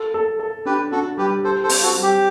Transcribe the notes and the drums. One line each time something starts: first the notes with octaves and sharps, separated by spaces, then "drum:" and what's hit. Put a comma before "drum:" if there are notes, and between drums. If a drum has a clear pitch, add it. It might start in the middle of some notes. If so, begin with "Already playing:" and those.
Already playing: A4
A4
A4
D4 G4 B4
D4 F#4 A4
G3 G4 B4
G4 A4 C5
A4 C5
C4, drum: open hi-hat
F#4 A4
G3
G4